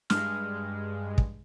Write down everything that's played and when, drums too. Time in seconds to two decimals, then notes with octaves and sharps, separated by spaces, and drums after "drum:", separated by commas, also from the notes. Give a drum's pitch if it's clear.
0.10 G2 G#3 F6, drum: snare
1.18 drum: kick